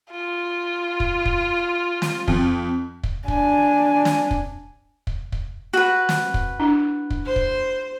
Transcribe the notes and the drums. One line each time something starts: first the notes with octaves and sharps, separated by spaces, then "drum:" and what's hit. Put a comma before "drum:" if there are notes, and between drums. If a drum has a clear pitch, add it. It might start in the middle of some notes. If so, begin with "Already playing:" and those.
F4
drum: kick
drum: kick
drum: snare
F2, drum: kick
drum: kick
D4 G#5, drum: kick
drum: snare
drum: kick
drum: kick
drum: kick
F#4 B4
drum: snare
drum: kick
D4 E4
drum: kick
C5
drum: kick